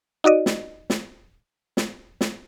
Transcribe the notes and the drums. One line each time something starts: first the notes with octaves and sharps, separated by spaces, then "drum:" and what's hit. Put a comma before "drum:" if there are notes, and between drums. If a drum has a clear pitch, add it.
D#4 F#4 D5 D#5
drum: snare
drum: snare
drum: snare
drum: snare